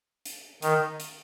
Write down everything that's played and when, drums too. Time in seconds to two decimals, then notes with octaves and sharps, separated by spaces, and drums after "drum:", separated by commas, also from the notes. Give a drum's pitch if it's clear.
0.26 drum: hi-hat
0.62 D#3, drum: hi-hat
1.00 drum: hi-hat